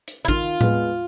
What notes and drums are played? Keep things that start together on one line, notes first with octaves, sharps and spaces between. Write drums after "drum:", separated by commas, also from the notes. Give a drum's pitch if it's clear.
drum: hi-hat
E4
D#3 F4, drum: kick
G#3 B3, drum: tom A2